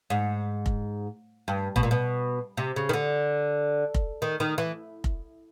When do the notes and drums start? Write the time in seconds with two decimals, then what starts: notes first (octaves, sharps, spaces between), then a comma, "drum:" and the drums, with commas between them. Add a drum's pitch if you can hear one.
0.10 G#2
0.66 drum: kick F1
1.48 G2
1.76 B2, drum: kick F1
1.83 A#2
1.91 B2
2.57 C3
2.76 C#3
2.89 D#3
2.93 D3
3.94 drum: kick F1
4.22 D#3
4.40 D#3
4.58 E3
5.04 drum: kick F1